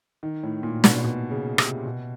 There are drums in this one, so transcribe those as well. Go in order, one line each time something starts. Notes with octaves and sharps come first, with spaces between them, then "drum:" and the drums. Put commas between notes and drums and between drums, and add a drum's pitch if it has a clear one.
D#3
A2
A#2
B2, drum: snare
B2
C#3
C3, drum: rim click
B2